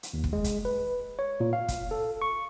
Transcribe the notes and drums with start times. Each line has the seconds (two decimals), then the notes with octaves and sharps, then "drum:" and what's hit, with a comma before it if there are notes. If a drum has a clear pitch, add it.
0.03 drum: hi-hat
0.14 D#2
0.24 drum: kick
0.33 G#3
0.44 drum: kick, hi-hat
0.65 B4
1.19 C#5
1.40 A#2
1.53 F5
1.68 drum: kick, hi-hat
1.91 A4
2.22 C#6